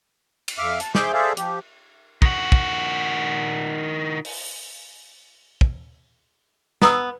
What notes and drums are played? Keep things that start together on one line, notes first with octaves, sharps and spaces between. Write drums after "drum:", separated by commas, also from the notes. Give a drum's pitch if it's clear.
drum: cymbal
F2 E5 F5 D6 F6
A5, drum: hi-hat
G#4 C5 E5 C6 D6 G6, drum: snare
G#4 A4 C5 D5 E5 F5
F3 G4, drum: hi-hat
D#3 F#4, drum: kick
drum: kick
drum: open hi-hat
drum: kick
B3 A#5 D#6 E6, drum: snare